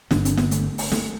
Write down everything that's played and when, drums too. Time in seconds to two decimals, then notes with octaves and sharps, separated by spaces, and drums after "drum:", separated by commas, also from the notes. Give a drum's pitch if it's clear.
0.11 G1 G2 D3 D4, drum: snare
0.25 C4, drum: hi-hat
0.37 B3, drum: snare
0.51 A3, drum: hi-hat
0.78 drum: open hi-hat
0.92 A3, drum: snare